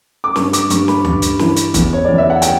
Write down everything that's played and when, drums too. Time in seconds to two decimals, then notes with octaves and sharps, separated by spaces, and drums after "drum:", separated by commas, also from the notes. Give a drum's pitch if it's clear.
0.24 D6
0.36 G2 C#6, drum: snare
0.53 D6, drum: hi-hat
0.70 G2 C#6, drum: hi-hat
0.88 B5, drum: snare
1.05 G2, drum: tom D2
1.22 drum: hi-hat
1.39 E3, drum: snare
1.56 drum: hi-hat
1.74 E2, drum: kick, hi-hat
1.93 C#5
2.05 E2 D5
2.18 E5
2.30 F#5
2.42 G5, drum: hi-hat